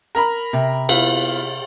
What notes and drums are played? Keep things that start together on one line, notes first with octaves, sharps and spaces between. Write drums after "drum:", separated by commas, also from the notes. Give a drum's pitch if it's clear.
A#4 A#5 B5
C3
B3 E4 F4, drum: cymbal